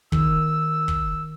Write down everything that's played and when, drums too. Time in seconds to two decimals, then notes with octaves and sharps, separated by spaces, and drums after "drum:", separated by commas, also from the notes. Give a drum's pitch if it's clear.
0.12 D#3 E6, drum: kick
0.88 drum: kick